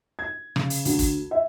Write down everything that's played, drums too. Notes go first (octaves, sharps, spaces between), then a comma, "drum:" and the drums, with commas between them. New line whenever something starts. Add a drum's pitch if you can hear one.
G#6
C#3, drum: rim click
drum: hi-hat
D2, drum: hi-hat
drum: kick, hi-hat
E5